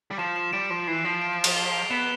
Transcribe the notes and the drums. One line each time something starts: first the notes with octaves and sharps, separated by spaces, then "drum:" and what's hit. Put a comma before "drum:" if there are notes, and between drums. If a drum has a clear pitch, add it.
G3
F3 E7
E7
G3 D7
F3
E3 C7
C7
F3
D7
D7
E7
F7, drum: cymbal
G7
F7
B3 E7